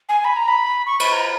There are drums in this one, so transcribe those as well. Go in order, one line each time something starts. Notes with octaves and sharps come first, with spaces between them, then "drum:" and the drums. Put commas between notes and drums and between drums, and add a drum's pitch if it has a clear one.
G#5
B5
A#5
B5
C#6
B5, drum: cymbal
A#5